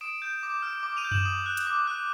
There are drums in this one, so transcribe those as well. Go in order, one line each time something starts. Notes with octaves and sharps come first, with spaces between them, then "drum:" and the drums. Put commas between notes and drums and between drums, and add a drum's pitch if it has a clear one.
D#6 D7 E7
G6
D6
F6
D6
D#7 F7
G6
E7 F#7, drum: tom F#2
D#6
F#6
drum: hi-hat
D6
F#6